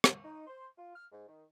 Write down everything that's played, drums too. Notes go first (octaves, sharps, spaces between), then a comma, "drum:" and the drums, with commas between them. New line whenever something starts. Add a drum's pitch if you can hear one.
drum: rim click
D#4
C5
F4
F6
G#2
D#3